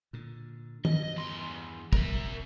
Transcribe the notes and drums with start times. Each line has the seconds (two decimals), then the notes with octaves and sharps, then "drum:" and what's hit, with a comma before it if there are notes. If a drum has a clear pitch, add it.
0.13 A#2 D3
0.85 G2 D#5, drum: tom
1.16 E2 C6
1.93 B2 G3 A#4 E5, drum: kick